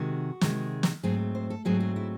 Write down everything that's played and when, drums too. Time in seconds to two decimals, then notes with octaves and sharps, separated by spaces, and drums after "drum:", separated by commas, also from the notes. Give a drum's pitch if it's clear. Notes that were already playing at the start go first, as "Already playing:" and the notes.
Already playing: C3 D#3 G#3 F#4
0.41 C3 D#3 G#3, drum: snare
0.83 drum: snare
1.03 G#2 F#3 A3 C4 G#4
1.35 C5
1.50 A4
1.65 G#2 F#3 A3 C4 G#4
1.80 G#4
1.96 E4